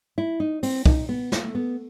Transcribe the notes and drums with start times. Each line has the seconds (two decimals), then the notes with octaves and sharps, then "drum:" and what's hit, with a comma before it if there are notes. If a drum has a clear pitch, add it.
0.18 E4
0.40 D#4
0.63 C4, drum: open hi-hat
0.86 D#4, drum: kick
1.09 B3
1.32 A3, drum: snare
1.55 B3